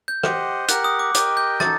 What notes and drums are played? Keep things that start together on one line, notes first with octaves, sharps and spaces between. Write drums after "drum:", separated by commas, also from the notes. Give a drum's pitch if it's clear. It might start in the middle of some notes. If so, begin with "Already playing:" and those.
G6
G4 C5 D#5 F#5, drum: rim click
G4 A#4 F#5 F#6, drum: hi-hat
D#6
D6
G4 A#4 D#5 G5 D6, drum: hi-hat
G6
D#4 F#4 A4 A6, drum: rim click